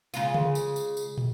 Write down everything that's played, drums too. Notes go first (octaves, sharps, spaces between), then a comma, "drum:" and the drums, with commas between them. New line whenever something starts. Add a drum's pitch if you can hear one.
C#3 G#3 F4, drum: tambourine
drum: tom C#3
drum: tambourine
drum: tambourine
drum: tambourine
drum: tom